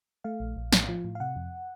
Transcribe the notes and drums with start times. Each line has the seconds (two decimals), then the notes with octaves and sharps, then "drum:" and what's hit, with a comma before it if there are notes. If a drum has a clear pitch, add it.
0.24 A3 F5
0.40 A#1
0.56 A#1
0.73 A2, drum: snare
0.88 F3
1.05 A2
1.15 F5
1.20 C3 F#5
1.36 F2